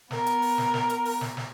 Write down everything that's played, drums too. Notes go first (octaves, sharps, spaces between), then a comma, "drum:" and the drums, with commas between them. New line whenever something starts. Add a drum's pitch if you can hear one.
B3 A#4, drum: snare
drum: hi-hat
drum: open hi-hat
drum: snare
drum: snare
drum: hi-hat
drum: open hi-hat
drum: snare
drum: snare